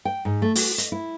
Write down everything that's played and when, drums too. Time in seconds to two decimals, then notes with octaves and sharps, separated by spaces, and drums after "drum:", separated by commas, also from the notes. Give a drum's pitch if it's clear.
0.05 G5
0.25 G#2
0.42 A3
0.55 F#4, drum: open hi-hat
0.78 D#5, drum: hi-hat
0.92 E4